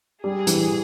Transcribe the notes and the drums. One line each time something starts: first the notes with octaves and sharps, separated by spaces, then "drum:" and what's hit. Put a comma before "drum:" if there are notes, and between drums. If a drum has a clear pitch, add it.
G3 G#4
E3, drum: hi-hat